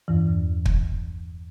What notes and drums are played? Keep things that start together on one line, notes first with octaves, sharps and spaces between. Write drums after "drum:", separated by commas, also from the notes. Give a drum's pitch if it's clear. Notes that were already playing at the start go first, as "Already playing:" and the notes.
E2 G2 E3
drum: kick